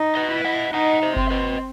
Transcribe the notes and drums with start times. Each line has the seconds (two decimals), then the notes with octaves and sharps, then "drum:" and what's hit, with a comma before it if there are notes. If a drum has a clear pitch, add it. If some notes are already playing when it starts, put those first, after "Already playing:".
Already playing: D#4
0.15 B4 D#5
0.31 E4
0.44 D#5 F#5
0.74 D#4 D#5 F#5
1.03 C5 E5
1.16 C4, drum: kick G1
1.30 B4 D#5